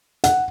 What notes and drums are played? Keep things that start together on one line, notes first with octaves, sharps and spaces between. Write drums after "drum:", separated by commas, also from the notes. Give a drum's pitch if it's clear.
F#5, drum: hi-hat